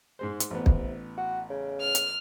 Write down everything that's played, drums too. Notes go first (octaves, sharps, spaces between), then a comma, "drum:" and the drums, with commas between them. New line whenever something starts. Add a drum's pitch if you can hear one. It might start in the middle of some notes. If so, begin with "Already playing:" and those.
G#2 G#3 C5
drum: hi-hat
A1 C3 B3
drum: kick
F#4
C#3
F6
drum: hi-hat